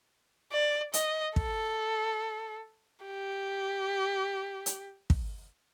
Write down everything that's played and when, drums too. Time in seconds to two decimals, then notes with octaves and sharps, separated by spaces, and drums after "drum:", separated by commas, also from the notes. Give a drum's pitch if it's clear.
0.52 D5
0.94 D#5, drum: hi-hat
1.36 A4, drum: kick
3.05 G4
4.66 drum: hi-hat
5.10 drum: kick